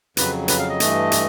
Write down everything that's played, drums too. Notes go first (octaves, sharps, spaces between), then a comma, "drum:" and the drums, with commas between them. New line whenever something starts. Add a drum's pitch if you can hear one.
F2 C#3 F#3 B4, drum: hi-hat
B4, drum: hi-hat
F5
D#5
G2 E3 A3, drum: hi-hat
drum: hi-hat